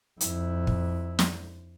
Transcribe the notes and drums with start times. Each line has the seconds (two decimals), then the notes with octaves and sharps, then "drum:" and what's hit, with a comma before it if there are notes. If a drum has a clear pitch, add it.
0.21 F2 E4, drum: hi-hat
0.67 drum: kick
1.19 drum: snare